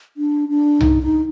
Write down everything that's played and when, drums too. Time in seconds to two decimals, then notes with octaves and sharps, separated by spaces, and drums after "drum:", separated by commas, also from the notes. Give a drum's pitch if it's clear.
0.17 D4
0.49 D4
0.81 D#4, drum: tom C2
1.03 D#4